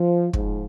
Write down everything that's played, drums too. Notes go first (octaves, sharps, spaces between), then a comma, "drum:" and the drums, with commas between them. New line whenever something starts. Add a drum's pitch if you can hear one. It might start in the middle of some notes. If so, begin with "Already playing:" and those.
Already playing: F3
G#2 F3, drum: kick